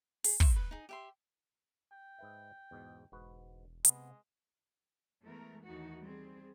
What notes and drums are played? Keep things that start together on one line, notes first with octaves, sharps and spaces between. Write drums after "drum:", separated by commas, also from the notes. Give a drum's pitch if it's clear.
G#4, drum: open hi-hat
E5 C6 C#6, drum: kick
B4
D#4 G#4
G4 E5 C6
G5
G#2 B4 E5
E2 G#2 B2
E1 G#2 F#4 B4
C3 G#3 B3, drum: hi-hat
E3 G#3 A3 B3 A#4
D#2 D#3 E3 A3 D#4 F#4
G3 C4 G#4